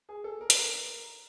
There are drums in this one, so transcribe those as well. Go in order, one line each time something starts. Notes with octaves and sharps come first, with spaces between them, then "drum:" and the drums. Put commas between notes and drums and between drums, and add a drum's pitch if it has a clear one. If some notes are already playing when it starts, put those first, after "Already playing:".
G#4
A4
A#4
B4, drum: hi-hat
A#4